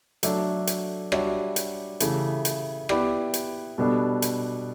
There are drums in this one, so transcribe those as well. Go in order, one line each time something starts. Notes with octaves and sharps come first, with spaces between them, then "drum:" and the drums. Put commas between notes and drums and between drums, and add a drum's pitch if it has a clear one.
F#3 A3 D4 A4 E5, drum: hi-hat
drum: hi-hat
G3 D4 F#4 C#5 E5, drum: rim click
drum: hi-hat
C#3 E3 A3 E4 G4, drum: hi-hat
drum: hi-hat
B3 E4 G4 D5, drum: rim click
drum: hi-hat
B2 G3 B3 D4 A4
drum: hi-hat